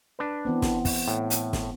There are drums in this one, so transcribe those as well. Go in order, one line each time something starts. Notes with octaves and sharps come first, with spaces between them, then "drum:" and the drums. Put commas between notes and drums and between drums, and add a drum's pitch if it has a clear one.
D4 B4
E3 B3 C4
drum: snare
drum: kick, open hi-hat
A2
drum: hi-hat
drum: snare